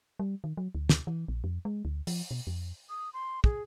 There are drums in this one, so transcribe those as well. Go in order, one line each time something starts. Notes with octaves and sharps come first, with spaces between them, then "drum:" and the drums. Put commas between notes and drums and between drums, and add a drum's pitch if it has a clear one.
G3
D#3
F#3
D2
drum: snare
E3
A#1
F2
G#3
D2
F3, drum: open hi-hat
B2
F2
D#6
C6
G#4, drum: kick